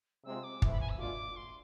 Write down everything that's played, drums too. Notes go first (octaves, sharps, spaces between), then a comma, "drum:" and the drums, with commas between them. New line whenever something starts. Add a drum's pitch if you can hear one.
C3 G#3 C4 F4 E6
D6
E3 A3 C4 E4, drum: kick
B5
G#5
E6
B2 A3 D4 F4 D6
C6